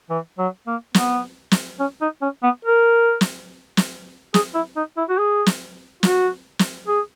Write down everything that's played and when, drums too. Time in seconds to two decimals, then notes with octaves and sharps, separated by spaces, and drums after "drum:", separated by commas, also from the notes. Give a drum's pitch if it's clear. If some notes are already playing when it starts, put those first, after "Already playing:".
0.10 E3
0.39 F#3
0.67 A#3
0.94 B3, drum: snare
1.51 drum: snare
1.79 C#4
2.01 D#4
2.22 C#4
2.43 B3
2.65 A#4
3.21 drum: snare
3.77 drum: snare
4.34 G#4, drum: snare
4.54 E4
4.76 D#4
4.97 E4
5.09 F#4
5.18 G#4
5.46 drum: snare
6.03 F#4, drum: snare
6.59 drum: snare
6.88 G#4